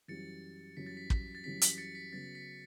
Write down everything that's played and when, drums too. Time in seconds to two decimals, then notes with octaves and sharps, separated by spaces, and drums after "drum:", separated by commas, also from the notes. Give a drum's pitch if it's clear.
0.08 F#2 E3 G3 C#4 A6 C#7
0.76 F#2 E3 G3 C#4 B6
0.86 A6
0.97 B6
1.10 B6, drum: kick
1.35 A6
1.44 F#2 E3 G3 C#4 B6
1.62 B6, drum: hi-hat
1.78 A6 C#7
1.95 B6
2.12 C#3 F#3 B3 A6
2.35 B6